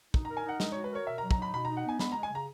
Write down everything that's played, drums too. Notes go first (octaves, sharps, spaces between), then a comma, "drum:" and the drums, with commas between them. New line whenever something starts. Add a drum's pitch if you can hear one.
D#4, drum: kick
A#5
A#4
G#5
D#4 F#5
G#3 D#5, drum: snare
C#5
F#4
B4
A#4 C#5
B2 E5
A#5
F#3
A#5, drum: kick
D#4 B5
B2 B5
A#5
D#4
F#5
B3 G#5
G#3 B5, drum: snare
A#5
G#3
G#5
C#3 A#5